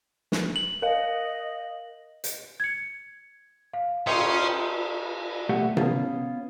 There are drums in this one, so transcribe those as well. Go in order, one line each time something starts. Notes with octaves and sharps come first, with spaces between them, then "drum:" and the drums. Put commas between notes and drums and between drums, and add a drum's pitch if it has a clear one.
drum: snare
F#7
A#4 D#5 F5
drum: hi-hat
G#6 C#7
F5
C#4 C#5 G5 C6 D#6, drum: cymbal
B2 A3 G4 E5 F#5
B3 C#4 F4, drum: tom C3